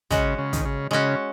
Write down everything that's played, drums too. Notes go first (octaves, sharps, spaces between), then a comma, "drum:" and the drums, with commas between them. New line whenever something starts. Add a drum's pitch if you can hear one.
C#3 G#3 C#4 F#4, drum: kick, hi-hat
C#3
D#3, drum: kick, hi-hat
C#3
C#3 G#3 C#4 F#4